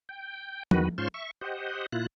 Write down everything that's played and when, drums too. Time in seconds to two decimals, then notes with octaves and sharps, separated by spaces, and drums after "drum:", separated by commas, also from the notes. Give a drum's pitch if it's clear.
0.09 G5
0.71 E2 D#3 F#4 B4, drum: tom F3
0.98 G#2 C#4 F4 C5 C6 C#6
1.14 E5 C#6
1.41 G4 C5 D#5 F#5
1.92 A#2 E4 F4 F#6